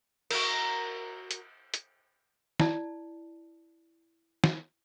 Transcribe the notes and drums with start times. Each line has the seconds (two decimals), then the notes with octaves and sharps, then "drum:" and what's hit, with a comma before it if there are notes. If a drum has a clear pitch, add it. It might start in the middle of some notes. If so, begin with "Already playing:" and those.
0.31 F#4 A#4, drum: cymbal
1.31 drum: hi-hat
1.74 drum: hi-hat
2.60 E4 D5 A5, drum: snare
4.44 drum: snare